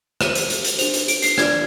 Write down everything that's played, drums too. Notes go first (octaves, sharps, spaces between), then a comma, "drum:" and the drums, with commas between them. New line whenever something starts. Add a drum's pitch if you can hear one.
G4 C5 D#7, drum: rim click
drum: hi-hat
drum: hi-hat
drum: hi-hat
D4 G4 C5 F7, drum: hi-hat
drum: hi-hat
D7, drum: hi-hat
C7, drum: hi-hat
D4 G4 D5 G#6, drum: rim click